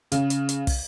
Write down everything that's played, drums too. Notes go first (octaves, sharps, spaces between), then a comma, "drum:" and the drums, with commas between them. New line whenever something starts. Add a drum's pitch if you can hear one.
C#3, drum: hi-hat
drum: hi-hat
drum: hi-hat
drum: kick, open hi-hat